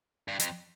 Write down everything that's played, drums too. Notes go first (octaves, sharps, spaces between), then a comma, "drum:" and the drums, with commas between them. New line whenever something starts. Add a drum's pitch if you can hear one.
G2
F2, drum: hi-hat